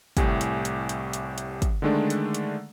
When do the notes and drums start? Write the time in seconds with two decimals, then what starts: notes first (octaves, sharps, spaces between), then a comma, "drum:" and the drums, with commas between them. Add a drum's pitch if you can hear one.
0.17 C2 A2 G4 G#5, drum: kick, hi-hat
0.41 drum: hi-hat
0.65 drum: hi-hat
0.89 drum: hi-hat
1.13 drum: hi-hat
1.38 drum: hi-hat
1.62 drum: kick, hi-hat
1.82 D3 D#3 G#3 A3 D4
2.10 drum: hi-hat
2.34 drum: hi-hat